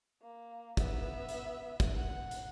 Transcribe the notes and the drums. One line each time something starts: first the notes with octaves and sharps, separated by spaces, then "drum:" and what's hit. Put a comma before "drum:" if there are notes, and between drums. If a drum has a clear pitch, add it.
A#3
B3 E5, drum: kick, hi-hat
drum: hi-hat
drum: kick, hi-hat
F#5
drum: hi-hat